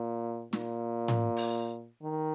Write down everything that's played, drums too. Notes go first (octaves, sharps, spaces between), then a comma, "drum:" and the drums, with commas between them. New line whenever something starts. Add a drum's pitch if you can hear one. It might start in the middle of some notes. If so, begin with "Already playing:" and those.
Already playing: A#2
A#2, drum: snare
drum: tom A2
drum: open hi-hat
D#3